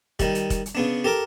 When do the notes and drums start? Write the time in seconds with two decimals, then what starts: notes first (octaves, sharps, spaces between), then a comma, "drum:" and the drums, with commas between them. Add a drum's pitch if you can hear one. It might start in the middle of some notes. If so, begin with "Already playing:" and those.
0.19 D#3 G3, drum: kick, hi-hat
0.35 drum: hi-hat
0.50 drum: kick, hi-hat
0.66 drum: hi-hat
0.75 C#3 B3 D4
1.04 G4 A4 A#4 D6